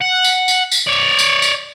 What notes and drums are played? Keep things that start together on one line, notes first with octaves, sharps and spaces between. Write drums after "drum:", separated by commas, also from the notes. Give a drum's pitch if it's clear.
F#5
drum: tambourine
drum: tambourine
drum: tambourine
C#5 D5
drum: tambourine
drum: tambourine